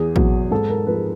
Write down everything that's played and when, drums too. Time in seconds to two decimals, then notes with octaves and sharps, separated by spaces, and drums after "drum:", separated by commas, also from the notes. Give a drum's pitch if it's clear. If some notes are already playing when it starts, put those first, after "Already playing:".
Already playing: E2 G#4
0.16 B2 F#3, drum: kick A1
0.51 G#2 A4
0.69 A#4
0.87 F3 G#3 B4